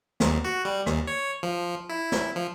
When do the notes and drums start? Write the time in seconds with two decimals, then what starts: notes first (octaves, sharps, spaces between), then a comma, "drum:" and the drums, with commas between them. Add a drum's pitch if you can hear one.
0.20 D#2, drum: snare
0.44 F#4
0.65 G3
0.86 D#2, drum: rim click
1.07 C#5
1.43 F3
1.89 E4
2.12 drum: snare
2.36 F3